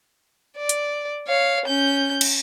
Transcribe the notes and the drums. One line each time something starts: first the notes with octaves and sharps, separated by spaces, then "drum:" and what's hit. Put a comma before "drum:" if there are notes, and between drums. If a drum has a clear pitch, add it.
D5
drum: hi-hat
C#5 F5
C#4 G6
drum: cymbal